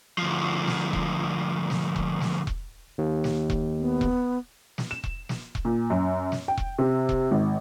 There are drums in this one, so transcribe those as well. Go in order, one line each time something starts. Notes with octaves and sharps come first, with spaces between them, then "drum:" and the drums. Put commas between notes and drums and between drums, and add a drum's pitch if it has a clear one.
D2 F3
drum: snare
drum: kick E1
drum: snare
drum: kick E1
drum: snare
drum: kick E1
D#2
drum: snare
drum: kick E1
B3
drum: kick E1
drum: snare
E7
drum: kick E1
drum: snare
drum: kick E1
A#2
F#2
drum: snare
G5
drum: kick E1
C3
drum: kick E1
G#1